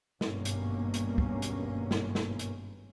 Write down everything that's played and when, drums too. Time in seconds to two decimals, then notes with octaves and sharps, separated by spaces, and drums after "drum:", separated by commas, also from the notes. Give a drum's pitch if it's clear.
0.21 G#1 G2 B2 A#3 C#4, drum: snare
0.45 drum: hi-hat
0.94 drum: hi-hat
1.18 drum: kick
1.42 drum: hi-hat
1.91 drum: snare
2.15 drum: snare
2.39 drum: hi-hat